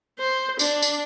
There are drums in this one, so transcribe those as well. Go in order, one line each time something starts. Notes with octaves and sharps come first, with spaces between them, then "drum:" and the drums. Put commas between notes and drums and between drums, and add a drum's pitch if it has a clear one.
C5
D4, drum: tambourine
drum: tambourine